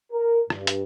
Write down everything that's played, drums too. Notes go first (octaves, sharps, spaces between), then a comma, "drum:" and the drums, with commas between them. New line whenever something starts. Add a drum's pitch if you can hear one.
A#4
G2, drum: rim click
drum: hi-hat